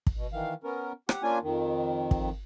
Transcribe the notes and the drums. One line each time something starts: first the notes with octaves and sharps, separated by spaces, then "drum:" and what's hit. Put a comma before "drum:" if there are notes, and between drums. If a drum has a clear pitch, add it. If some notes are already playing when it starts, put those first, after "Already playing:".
drum: kick
B2
D#3 E3 F5
B3 C#4 A#4
G4 F#5, drum: rim click
A#3 C#4 D4 F4 G#5
F2 D#3
drum: kick